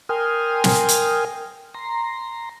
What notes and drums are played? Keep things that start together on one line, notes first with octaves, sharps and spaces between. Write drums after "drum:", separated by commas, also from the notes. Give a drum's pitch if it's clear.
A#4 G5 G#5 C6 D#6 F6
drum: snare
drum: hi-hat
A#5 C6